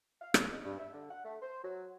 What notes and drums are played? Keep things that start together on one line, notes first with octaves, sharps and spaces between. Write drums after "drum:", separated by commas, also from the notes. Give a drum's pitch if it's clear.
F5
C#3, drum: rim click
D#4
G2
E5
D3
F#5
A3
C5
F#3